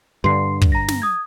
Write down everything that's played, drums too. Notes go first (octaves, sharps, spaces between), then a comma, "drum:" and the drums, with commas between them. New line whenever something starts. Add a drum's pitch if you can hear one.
G2 D3 C6 C7
drum: kick
A#5 A#6
drum: snare
D#6 G#6